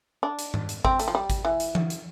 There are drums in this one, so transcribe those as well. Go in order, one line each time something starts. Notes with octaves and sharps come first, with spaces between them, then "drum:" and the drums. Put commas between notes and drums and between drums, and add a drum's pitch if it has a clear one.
D4
drum: hi-hat
drum: tom G#2
drum: hi-hat
C4, drum: kick G#1
A3, drum: hi-hat
F3
G3
drum: kick G#1, hi-hat
E3
drum: hi-hat
drum: tom E3
drum: hi-hat